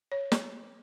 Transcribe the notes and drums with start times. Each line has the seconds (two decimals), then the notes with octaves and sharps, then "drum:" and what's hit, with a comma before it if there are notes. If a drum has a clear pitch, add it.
0.12 C#5
0.32 drum: snare